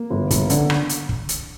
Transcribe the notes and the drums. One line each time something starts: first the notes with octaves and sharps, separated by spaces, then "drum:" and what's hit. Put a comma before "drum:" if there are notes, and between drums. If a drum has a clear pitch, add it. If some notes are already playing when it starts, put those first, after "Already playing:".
Already playing: A#3
G1
G1, drum: kick, hi-hat
D3, drum: hi-hat
drum: rim click
drum: hi-hat
drum: kick
drum: hi-hat